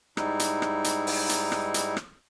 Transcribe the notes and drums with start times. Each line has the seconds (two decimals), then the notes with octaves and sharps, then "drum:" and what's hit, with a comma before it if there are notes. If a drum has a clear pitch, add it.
0.17 G#2 G3 D#4 E4, drum: rim click
0.40 drum: hi-hat
0.62 drum: rim click
0.84 drum: hi-hat
1.07 drum: open hi-hat
1.29 drum: hi-hat
1.52 drum: rim click
1.74 drum: hi-hat
1.97 drum: rim click